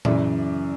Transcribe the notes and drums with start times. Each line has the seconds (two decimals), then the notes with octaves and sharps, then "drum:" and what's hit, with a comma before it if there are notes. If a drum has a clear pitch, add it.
0.05 F#2 C#3 E3 D5 E5, drum: tom A#2